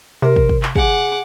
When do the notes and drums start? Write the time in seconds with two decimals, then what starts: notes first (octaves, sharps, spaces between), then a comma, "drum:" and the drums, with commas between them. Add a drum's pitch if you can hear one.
0.22 C3 A#4 C5
0.36 drum: kick
0.49 drum: kick
0.63 drum: clap
0.76 G#4 F#5 D6, drum: kick